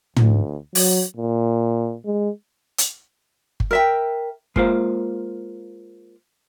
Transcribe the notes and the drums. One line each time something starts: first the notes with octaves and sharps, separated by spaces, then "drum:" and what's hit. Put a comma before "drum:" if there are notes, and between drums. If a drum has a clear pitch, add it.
D2, drum: tom
F#3, drum: open hi-hat
A#2
G#3
drum: hi-hat
drum: kick G1
A#4 E5 G5
G#3 A#3 F4 C5 F5, drum: kick G1